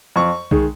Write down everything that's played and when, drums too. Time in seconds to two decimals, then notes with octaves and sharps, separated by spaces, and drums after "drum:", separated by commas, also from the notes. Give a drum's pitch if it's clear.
0.16 F2 C#6
0.51 D#3 G#3, drum: kick B1